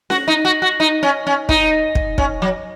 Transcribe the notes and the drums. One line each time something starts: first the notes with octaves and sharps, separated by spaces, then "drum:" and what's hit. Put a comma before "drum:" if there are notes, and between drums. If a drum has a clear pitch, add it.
F#4, drum: snare C#4
D#4
F#4
F#4
D#4
C#4
C#4
D#4, drum: kick
drum: kick
C#4, drum: kick
F#3